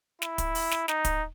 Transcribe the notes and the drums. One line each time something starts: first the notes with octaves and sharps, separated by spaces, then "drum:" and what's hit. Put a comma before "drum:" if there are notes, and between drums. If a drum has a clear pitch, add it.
E4, drum: snare
drum: kick, hi-hat
drum: open hi-hat
drum: snare
D#4, drum: snare
drum: kick, hi-hat